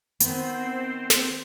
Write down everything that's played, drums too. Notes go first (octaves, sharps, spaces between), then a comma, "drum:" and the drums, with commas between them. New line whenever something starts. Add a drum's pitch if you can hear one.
D#3 B3 C4 C5, drum: hi-hat
drum: snare